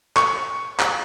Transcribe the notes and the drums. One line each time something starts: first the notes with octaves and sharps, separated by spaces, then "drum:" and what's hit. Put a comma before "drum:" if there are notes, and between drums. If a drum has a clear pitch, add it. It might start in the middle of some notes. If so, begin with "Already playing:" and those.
C#6, drum: clap
drum: clap